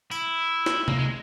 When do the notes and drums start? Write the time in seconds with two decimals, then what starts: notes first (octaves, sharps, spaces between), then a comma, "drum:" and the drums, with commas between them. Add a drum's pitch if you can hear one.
0.11 E4, drum: tambourine
0.66 drum: snare
0.88 A#3, drum: tom C3
0.98 G#3